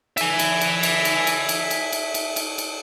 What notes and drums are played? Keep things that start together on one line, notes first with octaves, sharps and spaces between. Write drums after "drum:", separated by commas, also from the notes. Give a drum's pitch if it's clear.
E5 G#5, drum: cymbal
drum: cymbal
drum: cymbal
drum: cymbal
drum: cymbal
drum: cymbal
drum: cymbal
drum: cymbal
drum: cymbal
drum: cymbal
drum: cymbal
drum: cymbal